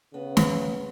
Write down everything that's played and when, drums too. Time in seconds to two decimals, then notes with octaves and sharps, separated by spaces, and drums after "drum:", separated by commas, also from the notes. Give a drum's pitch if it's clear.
0.14 C#3 B3
0.37 drum: snare